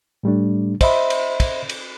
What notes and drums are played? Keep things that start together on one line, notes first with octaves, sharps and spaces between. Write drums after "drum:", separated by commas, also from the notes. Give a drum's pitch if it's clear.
A2 G3 A3 D4
C5 D#5 E5 B5 C6, drum: kick, cymbal
drum: cymbal
drum: kick, cymbal
drum: cymbal